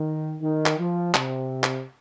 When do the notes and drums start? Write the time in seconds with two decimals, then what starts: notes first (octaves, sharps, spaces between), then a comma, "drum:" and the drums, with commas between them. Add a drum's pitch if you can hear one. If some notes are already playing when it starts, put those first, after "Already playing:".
Already playing: D#3
0.41 D#3
0.66 drum: clap
0.78 F3
1.14 C3, drum: clap
1.63 drum: clap